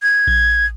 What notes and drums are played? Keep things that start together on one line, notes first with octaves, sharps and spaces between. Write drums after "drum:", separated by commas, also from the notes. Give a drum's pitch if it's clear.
G#6
drum: kick A#1